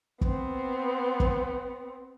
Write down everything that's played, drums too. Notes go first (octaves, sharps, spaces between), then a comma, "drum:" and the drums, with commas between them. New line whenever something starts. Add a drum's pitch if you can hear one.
B3 C4, drum: kick
drum: kick